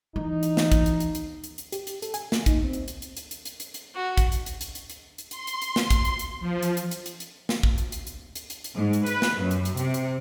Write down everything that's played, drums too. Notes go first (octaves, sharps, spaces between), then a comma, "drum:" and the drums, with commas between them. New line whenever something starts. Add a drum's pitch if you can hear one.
E3 D#4
drum: hi-hat
drum: snare
drum: kick, hi-hat
drum: hi-hat
drum: hi-hat
drum: hi-hat
drum: hi-hat
drum: hi-hat
G4, drum: hi-hat
drum: hi-hat
A4, drum: hi-hat
G#5, drum: hi-hat
A#3, drum: snare
D#4, drum: kick, hi-hat
C4
drum: hi-hat
drum: hi-hat
drum: hi-hat
drum: hi-hat
drum: hi-hat
drum: hi-hat
drum: hi-hat
drum: hi-hat
F#4
drum: kick, hi-hat
drum: hi-hat
drum: hi-hat
drum: hi-hat
drum: hi-hat
drum: hi-hat
drum: hi-hat
C6, drum: hi-hat
drum: hi-hat
drum: hi-hat
drum: snare
drum: kick, hi-hat
drum: hi-hat
drum: hi-hat
F3
drum: hi-hat
drum: hi-hat
drum: hi-hat
drum: hi-hat
drum: hi-hat
drum: snare
drum: kick
drum: hi-hat
drum: hi-hat
drum: hi-hat
drum: hi-hat
drum: hi-hat
drum: hi-hat
G#2
drum: hi-hat
B4, drum: hi-hat
drum: snare
F#2
drum: hi-hat
drum: hi-hat
C3, drum: hi-hat
drum: hi-hat